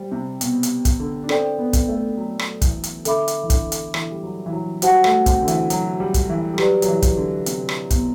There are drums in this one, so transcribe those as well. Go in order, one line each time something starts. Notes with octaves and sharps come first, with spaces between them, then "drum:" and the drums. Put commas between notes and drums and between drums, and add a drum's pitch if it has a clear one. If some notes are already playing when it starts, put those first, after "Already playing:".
Already playing: G3 C5 G5
C3
B2, drum: hi-hat
drum: hi-hat
drum: kick, hi-hat
D3
D4
C4 A4 D5 G5, drum: rim click
B3
drum: kick, hi-hat
A3
F#3
drum: rim click
E3, drum: kick, hi-hat
drum: hi-hat
D3 A4 E5 B5 D6, drum: hi-hat
drum: hi-hat
E3
D3, drum: kick, hi-hat
drum: hi-hat
E3, drum: rim click
G3
F#3
E3
F#3
G3 F#4 C5 F#5 A5, drum: hi-hat
A3, drum: rim click
C4, drum: kick, hi-hat
D3
E3, drum: hi-hat
F#3, drum: hi-hat
G3
drum: kick, hi-hat
E3
G3
F#3 G4 B4 D5, drum: rim click
F#3, drum: hi-hat
E3
drum: kick, hi-hat
D3
C3, drum: hi-hat
drum: rim click
B2, drum: kick, hi-hat